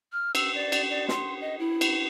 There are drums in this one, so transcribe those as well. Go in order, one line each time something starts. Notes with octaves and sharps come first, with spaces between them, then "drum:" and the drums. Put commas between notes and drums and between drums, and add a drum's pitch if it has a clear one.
F6
E6, drum: cymbal
D5
drum: cymbal
D5
C6, drum: snare
D#5
E4
drum: cymbal